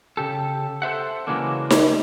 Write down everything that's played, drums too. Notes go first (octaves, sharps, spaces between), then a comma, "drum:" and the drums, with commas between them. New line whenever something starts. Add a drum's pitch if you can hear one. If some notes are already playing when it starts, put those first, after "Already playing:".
C#3 G4 A4
A4 C5 E5 F#5
C#3 E3 F#3 G#3 A#3 D4
drum: snare D#4